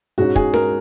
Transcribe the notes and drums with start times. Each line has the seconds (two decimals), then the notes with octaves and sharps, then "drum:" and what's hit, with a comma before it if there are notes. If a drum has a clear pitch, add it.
0.18 G#2 G#3 C#4 F#4
0.36 G#4, drum: kick
0.54 A#4, drum: snare D#4